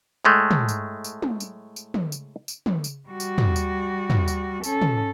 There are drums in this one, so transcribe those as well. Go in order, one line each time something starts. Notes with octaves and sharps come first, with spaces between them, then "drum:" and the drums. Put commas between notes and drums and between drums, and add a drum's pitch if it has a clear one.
A2 G#3 A3
drum: tom
drum: tambourine
drum: tambourine
drum: tom
drum: tambourine
drum: tambourine
drum: tom
drum: tambourine
drum: tambourine
drum: tom
drum: tambourine
G3 F#4
drum: tambourine
drum: tom
drum: tambourine
drum: tom
drum: tambourine
C#4 A4, drum: tambourine
drum: tom